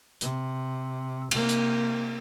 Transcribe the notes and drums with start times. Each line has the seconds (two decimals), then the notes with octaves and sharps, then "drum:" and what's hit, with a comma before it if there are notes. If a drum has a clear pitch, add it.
0.21 C3, drum: hi-hat
1.31 C3 A#3, drum: cymbal
1.49 drum: hi-hat